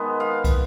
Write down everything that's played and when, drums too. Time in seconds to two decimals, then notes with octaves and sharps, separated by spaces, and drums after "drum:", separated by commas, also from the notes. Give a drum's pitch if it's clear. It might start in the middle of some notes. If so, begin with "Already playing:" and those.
Already playing: D#3 G#3 B3
0.20 F5
0.44 drum: kick, cymbal